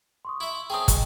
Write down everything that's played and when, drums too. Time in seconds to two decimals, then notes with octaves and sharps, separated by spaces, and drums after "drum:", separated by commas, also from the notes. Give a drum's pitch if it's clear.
0.25 C6 C#6 D#6
0.40 E4 E5
0.70 C4 C#4 G#4 G5 A5 D#6
0.88 G#3, drum: kick, hi-hat